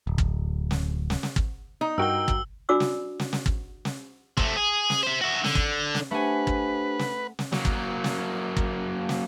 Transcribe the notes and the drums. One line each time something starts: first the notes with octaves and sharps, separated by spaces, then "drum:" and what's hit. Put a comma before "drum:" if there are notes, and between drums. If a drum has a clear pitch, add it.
D1
drum: kick
drum: snare
drum: snare
drum: snare
drum: kick
D#4
G2 F#4 A#4 G5 E6 G7
drum: kick
D4 F#4 D5 D6 E6
drum: snare
drum: snare
drum: snare
drum: kick
drum: snare
C3 A3, drum: kick
G#4
drum: snare
C5 E5
F#4 E5
D3, drum: snare
drum: kick
drum: snare
A3 D4 G4 B4 C5 F#5 G#5
drum: kick
drum: snare
drum: snare
F#3 A#3, drum: snare
drum: kick
drum: snare
drum: kick
drum: snare